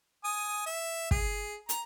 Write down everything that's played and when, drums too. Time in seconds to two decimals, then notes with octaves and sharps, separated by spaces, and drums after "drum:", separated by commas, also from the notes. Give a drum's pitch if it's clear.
0.24 G#5 D#6
0.66 E5
1.11 G#4, drum: kick
1.69 A#5, drum: hi-hat